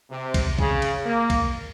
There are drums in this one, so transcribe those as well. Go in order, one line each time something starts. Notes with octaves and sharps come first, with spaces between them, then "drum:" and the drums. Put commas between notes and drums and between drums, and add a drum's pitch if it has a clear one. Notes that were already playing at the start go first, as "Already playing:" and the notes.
C3
drum: kick B1, cymbal
C#3, drum: kick B1
drum: cymbal
A#3
drum: kick B1, cymbal